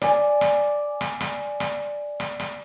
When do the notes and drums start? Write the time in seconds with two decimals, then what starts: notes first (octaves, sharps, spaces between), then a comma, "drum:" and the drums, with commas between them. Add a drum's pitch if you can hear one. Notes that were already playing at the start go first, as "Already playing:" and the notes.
0.01 D5 G#5, drum: rim click
0.41 drum: rim click
1.01 drum: rim click
1.21 drum: rim click
1.60 drum: rim click
2.20 drum: rim click
2.40 drum: rim click